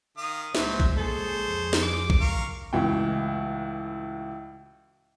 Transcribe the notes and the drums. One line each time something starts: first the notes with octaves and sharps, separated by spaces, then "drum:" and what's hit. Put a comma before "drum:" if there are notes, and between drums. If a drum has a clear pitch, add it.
D#3 F5 D#6
C#2 A#2 E3 F#3 G#3 D#4 C5 E5, drum: snare
drum: kick A#1
G#4 A4 C5 C#5
F2
drum: snare
D6
drum: kick A#1
A#4 F5 C#6
C#2 A2 E3 F#4 G5